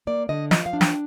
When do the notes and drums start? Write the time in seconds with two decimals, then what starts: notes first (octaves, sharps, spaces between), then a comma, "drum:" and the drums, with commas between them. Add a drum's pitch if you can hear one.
0.07 A#3 D5
0.29 D3 D#5
0.51 F3 D#5, drum: snare
0.66 F5
0.73 D4
0.81 G5, drum: snare